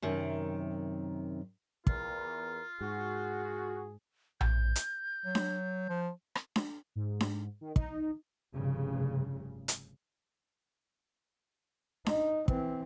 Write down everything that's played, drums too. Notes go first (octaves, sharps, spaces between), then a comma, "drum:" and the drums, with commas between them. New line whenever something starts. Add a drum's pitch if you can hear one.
F#2 C3 D#3
E2 F4 A#4, drum: kick
G#2 F#4 G#4
G6, drum: tom A#1
drum: hi-hat
F#3
drum: snare D4
F3
drum: rim click
drum: snare D4
G#2
drum: snare D4
D#3
D#4, drum: kick
F1 G2 C#3
drum: hi-hat
D#4, drum: snare D4
E3 C4, drum: kick